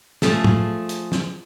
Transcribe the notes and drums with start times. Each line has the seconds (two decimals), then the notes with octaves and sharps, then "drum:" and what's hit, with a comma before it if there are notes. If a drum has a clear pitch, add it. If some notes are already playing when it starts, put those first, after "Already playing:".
0.22 F3 A3 G#4, drum: snare
0.44 drum: tom
0.89 drum: hi-hat
1.12 drum: snare